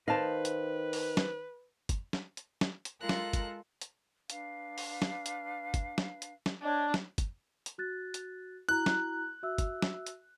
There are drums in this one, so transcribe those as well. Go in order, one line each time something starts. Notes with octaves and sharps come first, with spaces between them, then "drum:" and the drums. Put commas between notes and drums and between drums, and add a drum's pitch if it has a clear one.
D#3 B4 C5 D#5 F5 A5
drum: hi-hat
drum: open hi-hat
drum: snare
drum: kick, hi-hat
drum: snare
drum: hi-hat
drum: snare
drum: hi-hat
G#3 F4 A4 A#4 F#6 A#6
drum: snare
drum: kick, hi-hat
drum: hi-hat
D4 B4 F5, drum: hi-hat
drum: open hi-hat
drum: snare
drum: hi-hat
drum: kick, hi-hat
drum: snare
drum: hi-hat
drum: snare
D4 C#5 D#5 G5
drum: snare
drum: kick, hi-hat
drum: hi-hat
F#4 F#6 A6
drum: hi-hat
E4 F#4 A#5 F#6
drum: snare
F#4 E5 E6
drum: kick, hi-hat
drum: snare
drum: hi-hat